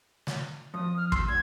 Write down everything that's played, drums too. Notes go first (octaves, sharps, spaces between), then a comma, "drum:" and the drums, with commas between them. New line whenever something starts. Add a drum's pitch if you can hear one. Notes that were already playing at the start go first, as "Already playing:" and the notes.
drum: snare
F2 D#6
F6
C6 E6, drum: kick
D2 G#6